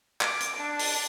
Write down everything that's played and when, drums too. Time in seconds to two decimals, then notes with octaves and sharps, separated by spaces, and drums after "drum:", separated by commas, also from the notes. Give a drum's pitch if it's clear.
0.21 D6, drum: clap
0.40 drum: hi-hat
0.56 D4
0.79 drum: open hi-hat